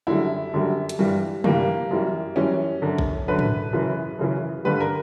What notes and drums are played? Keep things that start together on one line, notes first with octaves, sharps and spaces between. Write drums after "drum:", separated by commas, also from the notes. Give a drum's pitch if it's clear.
F#2 D3 G3 E4
F#2 D3 G3
drum: hi-hat
G2 E3 G3
G2 E3 G3 A#3, drum: tom
F#2 E3 G3
F#2 E3 G3 C#4
F#2 D3 F#3
drum: kick A#1
F#2 D3 F#3 B4
drum: tom
F#2 C#3 E3
F#2 C#3 E3
G2 D3 G3 B4
A#4